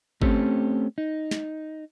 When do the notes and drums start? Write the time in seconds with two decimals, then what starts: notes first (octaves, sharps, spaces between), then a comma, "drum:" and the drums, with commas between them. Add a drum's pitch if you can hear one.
0.22 A3 C4 C#4 G4 A4, drum: kick G1
0.98 D#4
1.31 drum: snare